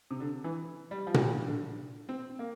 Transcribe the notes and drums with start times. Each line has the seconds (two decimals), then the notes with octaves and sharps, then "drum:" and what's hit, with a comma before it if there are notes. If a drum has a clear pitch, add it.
0.11 C3
0.20 D3
0.44 E3
0.91 G3
1.07 F3
1.14 G3, drum: tom A#2
1.46 D3
2.09 C4
2.39 A#3